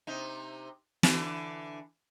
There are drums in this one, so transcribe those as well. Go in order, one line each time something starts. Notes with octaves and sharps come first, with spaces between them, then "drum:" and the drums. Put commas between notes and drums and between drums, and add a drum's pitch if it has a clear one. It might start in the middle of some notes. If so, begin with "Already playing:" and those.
C3 D#4
D3 E3, drum: snare